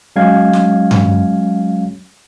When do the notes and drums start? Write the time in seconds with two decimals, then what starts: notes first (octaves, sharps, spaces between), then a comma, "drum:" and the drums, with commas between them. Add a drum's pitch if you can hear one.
0.16 F#3 G#3 C#4 F5 G#6
0.53 drum: snare
0.91 drum: tom G2